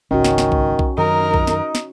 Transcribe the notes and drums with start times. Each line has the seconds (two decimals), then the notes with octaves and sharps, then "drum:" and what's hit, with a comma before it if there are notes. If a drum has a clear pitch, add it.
0.11 G#1 C#2 D#3 C#4 F#4
0.24 drum: snare
0.38 drum: snare
0.52 drum: kick B1
0.79 drum: kick B1
0.98 F#2 D#3 D#4 A#4
1.34 drum: kick B1
1.47 drum: snare
1.75 drum: snare